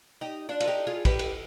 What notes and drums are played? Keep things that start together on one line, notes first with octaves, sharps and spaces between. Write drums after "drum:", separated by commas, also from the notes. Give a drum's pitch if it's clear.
D#4 G4
D4 F4
F4, drum: cymbal
D#4 G4
F4 G#4
G4 B4, drum: kick, cymbal
drum: cymbal